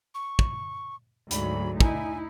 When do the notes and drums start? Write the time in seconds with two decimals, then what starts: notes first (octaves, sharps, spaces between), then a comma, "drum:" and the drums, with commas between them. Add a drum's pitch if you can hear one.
0.14 C#6
0.39 drum: kick
1.31 D2 G#2 F#3 B5, drum: hi-hat
1.80 D#4 E4 G#5, drum: kick